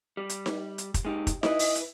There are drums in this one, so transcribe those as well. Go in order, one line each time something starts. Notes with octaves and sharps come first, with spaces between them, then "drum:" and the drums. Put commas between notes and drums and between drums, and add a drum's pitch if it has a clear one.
G3
drum: hi-hat
drum: snare D#4
drum: hi-hat
drum: kick, hi-hat
G#3 D#4 G4
drum: kick, hi-hat
E4 B4 D#5, drum: snare D#4
drum: open hi-hat
drum: hi-hat